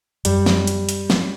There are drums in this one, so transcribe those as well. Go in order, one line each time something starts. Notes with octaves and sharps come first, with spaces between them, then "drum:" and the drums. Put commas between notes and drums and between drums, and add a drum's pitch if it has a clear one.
F#2 G3, drum: hi-hat
drum: snare
drum: hi-hat
drum: hi-hat
drum: snare